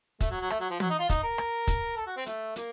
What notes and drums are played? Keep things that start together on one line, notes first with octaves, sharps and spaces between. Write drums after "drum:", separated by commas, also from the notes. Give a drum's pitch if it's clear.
A3, drum: kick, hi-hat
F#3
F#3
A3, drum: rim click
F#3
F3
F#3, drum: tom
D#4
F4
D#4, drum: kick, hi-hat
A#4
drum: rim click
drum: kick, hi-hat
A4
F#4
C4
A3, drum: hi-hat
A#3, drum: hi-hat